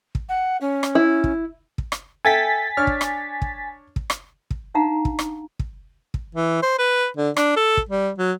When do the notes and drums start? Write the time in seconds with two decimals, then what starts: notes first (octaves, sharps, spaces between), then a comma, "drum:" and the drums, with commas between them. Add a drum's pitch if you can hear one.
0.15 drum: kick
0.28 F#5
0.60 C#4
0.83 drum: rim click
0.95 E4
1.24 drum: kick
1.78 drum: kick
1.92 drum: rim click
2.25 A4 E5 G5 G#5 A6 B6
2.77 D4 C#5 F6
2.87 drum: kick
3.01 drum: rim click
3.42 drum: kick
3.96 drum: kick
4.10 drum: rim click
4.51 drum: kick
4.74 D4 D#4 F5 F#5 A#5
5.05 drum: kick
5.19 drum: rim click
5.59 drum: kick
6.14 drum: kick
6.35 E3
6.62 C5
6.79 B4
7.17 D3
7.37 D4, drum: rim click
7.56 A4
7.77 drum: kick
7.89 G3
8.18 F#3